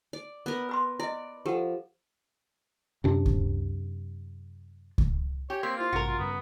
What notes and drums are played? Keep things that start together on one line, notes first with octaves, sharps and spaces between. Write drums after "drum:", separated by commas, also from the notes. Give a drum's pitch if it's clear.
D5
B3 A#4
B4 B5 C6
E4 D5 D#5
F3 G4 A4 F#5
F#2 C3 D4
drum: kick C#2
drum: kick C#2
G4 C#5 G#5
A#3 C4 C6 G#6 B6
E4 F4 C5
A1 G2 C3 F#4 A#4
F4
G2 C#3 B3